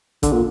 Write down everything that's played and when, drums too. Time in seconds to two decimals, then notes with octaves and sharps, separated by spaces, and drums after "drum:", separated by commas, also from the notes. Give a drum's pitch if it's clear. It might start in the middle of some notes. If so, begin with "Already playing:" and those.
0.23 D3, drum: kick A1, hi-hat
0.33 A#2